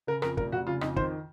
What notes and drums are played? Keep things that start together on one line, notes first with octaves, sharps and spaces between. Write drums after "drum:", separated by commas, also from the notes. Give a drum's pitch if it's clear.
C#3 A#4
F2 A#4, drum: rim click
F1 A#4, drum: kick
F1 F#4
C#3 F4
F2 D#4, drum: rim click
D#3 C5, drum: kick